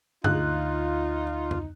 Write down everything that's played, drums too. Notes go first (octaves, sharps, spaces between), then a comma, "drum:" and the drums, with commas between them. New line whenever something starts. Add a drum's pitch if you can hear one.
D2 D#4 F4 F#6, drum: tom G2
drum: tom F2